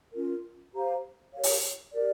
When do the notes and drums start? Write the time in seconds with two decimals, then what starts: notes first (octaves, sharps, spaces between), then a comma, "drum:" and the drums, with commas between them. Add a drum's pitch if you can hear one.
0.13 C#4 F4 A#4
0.73 G4 C5 F5 A#5
1.33 G4 A#4 C#5 F5
1.43 drum: open hi-hat
1.93 G4 A#4 D5